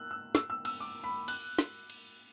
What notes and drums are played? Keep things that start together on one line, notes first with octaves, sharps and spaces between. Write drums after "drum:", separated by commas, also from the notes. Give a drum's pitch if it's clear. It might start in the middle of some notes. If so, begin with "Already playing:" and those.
Already playing: E6 F#6
E6
E6, drum: snare
E6
E6, drum: cymbal
D6
B5
F#6, drum: cymbal
drum: snare
drum: cymbal